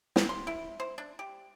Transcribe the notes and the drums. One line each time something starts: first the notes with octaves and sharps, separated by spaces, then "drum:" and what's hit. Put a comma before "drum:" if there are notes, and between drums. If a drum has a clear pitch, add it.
C4, drum: snare
C6
E4
C5
D4
G4